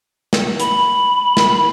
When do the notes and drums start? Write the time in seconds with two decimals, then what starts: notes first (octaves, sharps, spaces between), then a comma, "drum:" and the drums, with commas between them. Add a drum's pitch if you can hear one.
0.33 drum: snare
0.60 B5, drum: hi-hat
1.37 drum: snare